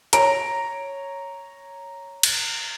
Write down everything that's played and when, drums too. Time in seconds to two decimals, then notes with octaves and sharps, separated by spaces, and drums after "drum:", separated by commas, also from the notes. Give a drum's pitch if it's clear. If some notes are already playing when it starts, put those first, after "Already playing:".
0.13 C#5 A#5 D7, drum: hi-hat
2.23 drum: cymbal